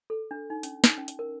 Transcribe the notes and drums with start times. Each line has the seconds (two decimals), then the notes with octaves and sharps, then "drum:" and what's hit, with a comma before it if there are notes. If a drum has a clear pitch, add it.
0.10 A4
0.31 D4
0.50 D#4
0.63 C#4, drum: hi-hat
0.84 D#4, drum: snare
0.98 C#4
1.08 drum: hi-hat
1.19 A#4